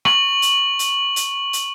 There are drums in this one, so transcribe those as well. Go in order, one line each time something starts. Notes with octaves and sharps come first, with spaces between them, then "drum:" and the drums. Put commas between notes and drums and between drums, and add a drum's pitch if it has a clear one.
C#6 F#7, drum: rim click
drum: hi-hat
drum: hi-hat
drum: hi-hat
drum: hi-hat